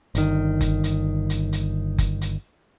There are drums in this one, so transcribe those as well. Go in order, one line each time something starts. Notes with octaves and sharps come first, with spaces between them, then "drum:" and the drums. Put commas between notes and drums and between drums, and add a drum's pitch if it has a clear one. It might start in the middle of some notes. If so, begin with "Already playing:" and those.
G1 D#3, drum: hi-hat
drum: kick F#1, hi-hat
drum: hi-hat
drum: hi-hat
drum: hi-hat
drum: kick F#1, hi-hat
drum: hi-hat